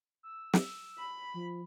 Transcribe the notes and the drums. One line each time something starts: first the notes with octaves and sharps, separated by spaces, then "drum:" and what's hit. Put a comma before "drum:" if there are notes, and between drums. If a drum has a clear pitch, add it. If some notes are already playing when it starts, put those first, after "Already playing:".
E6
drum: snare
B5
F3